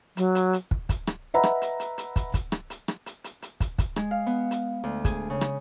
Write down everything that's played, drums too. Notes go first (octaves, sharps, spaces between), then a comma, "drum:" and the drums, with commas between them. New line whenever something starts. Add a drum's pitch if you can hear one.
F#3, drum: hi-hat
drum: hi-hat
drum: hi-hat
drum: kick
drum: kick, hi-hat
drum: rim click
B4 D#5 E5 F#5 A#5 B5
drum: rim click
drum: hi-hat
drum: hi-hat
drum: hi-hat
drum: kick, hi-hat
drum: kick, hi-hat
drum: rim click
drum: hi-hat
drum: rim click
drum: hi-hat
drum: hi-hat
drum: hi-hat
drum: kick, hi-hat
drum: kick, hi-hat
G#3, drum: rim click
F5
B3
drum: hi-hat
D2
G#4, drum: kick, hi-hat
C#3
drum: rim click